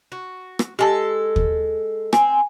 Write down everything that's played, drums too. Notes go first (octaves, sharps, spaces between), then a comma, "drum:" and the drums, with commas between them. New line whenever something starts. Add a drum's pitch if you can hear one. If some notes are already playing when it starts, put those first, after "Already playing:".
F#4
drum: rim click
G#3 G4 A4 G#5 A5
drum: kick
C4 G#5, drum: rim click